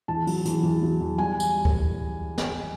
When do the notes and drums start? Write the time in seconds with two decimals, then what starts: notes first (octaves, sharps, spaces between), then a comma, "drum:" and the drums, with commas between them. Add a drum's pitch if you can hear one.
0.08 E2 A5
0.27 F#3, drum: open hi-hat
0.45 E2, drum: hi-hat
0.63 E2
0.82 F#3
1.01 E2
1.18 G3 G#5
1.40 drum: tambourine
1.65 drum: kick D2
2.38 drum: snare